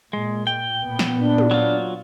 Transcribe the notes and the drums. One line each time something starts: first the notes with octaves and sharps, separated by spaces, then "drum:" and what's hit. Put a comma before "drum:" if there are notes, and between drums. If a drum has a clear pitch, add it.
A#2 G#3
G5
A#2 B3
drum: snare
D4
drum: tom
F#3 F4